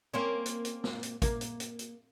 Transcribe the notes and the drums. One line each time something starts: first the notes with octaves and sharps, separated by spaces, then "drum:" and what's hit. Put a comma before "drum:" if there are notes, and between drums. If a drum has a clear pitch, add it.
A#3 C4 C#4
drum: hi-hat
drum: hi-hat
drum: snare
drum: hi-hat
A#3, drum: kick, hi-hat
drum: hi-hat
drum: hi-hat
drum: hi-hat